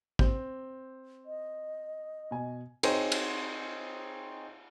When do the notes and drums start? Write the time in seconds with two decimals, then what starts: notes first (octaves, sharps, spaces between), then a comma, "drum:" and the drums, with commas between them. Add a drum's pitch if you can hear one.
0.19 C4 G6, drum: kick
1.26 D#5
2.31 B2 G#5
2.83 C4 D#4 G#4 C5 C#5, drum: cymbal
3.12 drum: cymbal